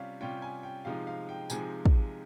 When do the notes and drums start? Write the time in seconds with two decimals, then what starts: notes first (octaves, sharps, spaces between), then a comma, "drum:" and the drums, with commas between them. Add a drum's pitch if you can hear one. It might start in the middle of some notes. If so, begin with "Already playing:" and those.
Already playing: C3 G3 C#4 F4 F5
0.21 C3 G3 C#4 F4 G5
0.42 G#5
0.63 G5
0.85 C3 F3 G#3 D#4 F5
1.07 F5
1.29 G5
1.50 C3 F3 G#3 D#4 G#5, drum: tambourine
1.85 drum: kick